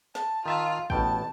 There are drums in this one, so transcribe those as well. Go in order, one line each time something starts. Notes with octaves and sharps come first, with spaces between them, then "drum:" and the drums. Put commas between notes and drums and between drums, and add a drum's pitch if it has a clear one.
A5, drum: snare
D#3 F4 E5 A5
A1 B2 G5 A5, drum: kick